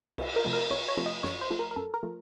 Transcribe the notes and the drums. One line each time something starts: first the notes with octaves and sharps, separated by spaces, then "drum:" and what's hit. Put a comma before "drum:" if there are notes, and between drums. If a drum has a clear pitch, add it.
C2, drum: cymbal
A#4
C3 F3 A3
A#4
C2 C#5
C#5
C3 F3 A3
D#5
F#2 C#5, drum: snare
C5
F3 A3
A#4
A#4
F#2 A4
A#4
F3 A3